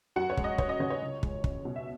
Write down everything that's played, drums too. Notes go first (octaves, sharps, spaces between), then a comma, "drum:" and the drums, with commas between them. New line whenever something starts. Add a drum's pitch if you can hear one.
F#2 F#4 F#5
C#5
G#3, drum: kick
D#5
C#4 C#5, drum: kick
D#5
C#3 C#5
C#5
C#2
G#3, drum: kick
C#4, drum: kick
B2
E5